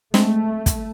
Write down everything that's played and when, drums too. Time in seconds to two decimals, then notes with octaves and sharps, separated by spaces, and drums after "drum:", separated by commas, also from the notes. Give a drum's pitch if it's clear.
0.14 G#3 A3 C4, drum: snare
0.66 drum: kick, hi-hat